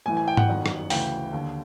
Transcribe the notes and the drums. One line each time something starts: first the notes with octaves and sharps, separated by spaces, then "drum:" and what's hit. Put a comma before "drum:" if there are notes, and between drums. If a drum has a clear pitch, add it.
A1 A2 E3 G#5
G#5
G5
F#5, drum: tom G#2
G1 F#2 D#3
drum: rim click
D2 C#3 E3 G5, drum: open hi-hat
D#2 D3